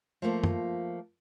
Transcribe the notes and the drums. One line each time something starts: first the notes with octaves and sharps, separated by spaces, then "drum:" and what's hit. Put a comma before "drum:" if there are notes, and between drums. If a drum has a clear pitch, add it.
F3 A3 A#3 F4 C5
drum: tom